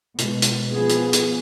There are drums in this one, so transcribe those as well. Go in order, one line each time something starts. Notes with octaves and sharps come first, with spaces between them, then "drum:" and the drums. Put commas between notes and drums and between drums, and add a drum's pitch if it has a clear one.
B2 G#3, drum: hi-hat
drum: hi-hat
F3 B3 G#4
drum: hi-hat
drum: hi-hat